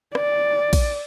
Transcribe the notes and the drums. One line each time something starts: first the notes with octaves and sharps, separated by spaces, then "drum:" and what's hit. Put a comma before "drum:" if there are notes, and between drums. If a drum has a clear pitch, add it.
D5, drum: rim click
drum: kick A#1, cymbal